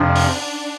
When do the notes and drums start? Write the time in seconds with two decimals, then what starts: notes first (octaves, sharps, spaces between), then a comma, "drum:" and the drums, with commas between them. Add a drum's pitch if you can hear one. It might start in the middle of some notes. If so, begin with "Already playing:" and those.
Already playing: F2 C3 F3 D4
0.15 drum: open hi-hat